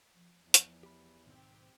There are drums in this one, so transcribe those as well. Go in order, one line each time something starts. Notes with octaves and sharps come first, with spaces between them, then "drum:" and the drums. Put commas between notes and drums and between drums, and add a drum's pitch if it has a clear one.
F3
E2 F3
drum: hi-hat
G4 B5
B1 G#2 D#3 C4 G4